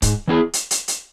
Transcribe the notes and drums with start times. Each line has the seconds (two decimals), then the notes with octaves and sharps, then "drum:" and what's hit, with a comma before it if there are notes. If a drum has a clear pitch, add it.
0.02 G#2, drum: kick C#1, hi-hat
0.28 E3 B3 E4 G#4
0.53 drum: hi-hat
0.71 drum: hi-hat
0.88 drum: hi-hat